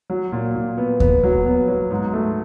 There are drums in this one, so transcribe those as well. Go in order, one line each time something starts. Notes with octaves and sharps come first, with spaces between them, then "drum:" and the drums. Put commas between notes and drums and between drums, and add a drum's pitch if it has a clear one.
F#3
A#2
A#2
B3
B3, drum: kick D#2
F#3
B3
F#3
G#2
A3